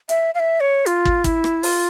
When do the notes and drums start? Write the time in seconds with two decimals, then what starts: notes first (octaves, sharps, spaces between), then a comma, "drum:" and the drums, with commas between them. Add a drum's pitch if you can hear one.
0.09 E5, drum: hi-hat
0.35 F5
0.39 E5
0.60 C#5
0.86 F4, drum: hi-hat
1.05 drum: kick
1.24 E4, drum: kick, hi-hat
1.44 drum: rim click
1.63 F4, drum: open hi-hat